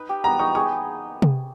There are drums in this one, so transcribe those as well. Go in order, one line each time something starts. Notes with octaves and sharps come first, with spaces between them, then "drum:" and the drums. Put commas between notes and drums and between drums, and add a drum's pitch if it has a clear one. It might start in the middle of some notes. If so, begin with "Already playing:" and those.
Already playing: D#4 B4
G4
B3 A#5
D#4 C#6
G#4 C#6
drum: tom C3